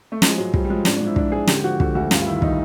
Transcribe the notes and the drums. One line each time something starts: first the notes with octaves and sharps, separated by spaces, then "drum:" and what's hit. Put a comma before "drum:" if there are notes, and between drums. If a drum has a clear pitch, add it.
A3
F3 G#3, drum: snare
G#2 F#3
F3 G3, drum: kick
G3
F3 G#3
G#2 D4, drum: snare
G#2 D4
E4
F3 D4, drum: kick
G#2 G#4
D3 G4, drum: snare
F3 F#4
D3 F#4, drum: kick
D2 F#4
G2 F4, drum: snare
D#3 E4
D#3 D#4, drum: kick